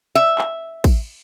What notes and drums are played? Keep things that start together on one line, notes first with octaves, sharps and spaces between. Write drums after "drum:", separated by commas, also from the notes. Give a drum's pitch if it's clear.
E5
drum: clap
drum: kick, cymbal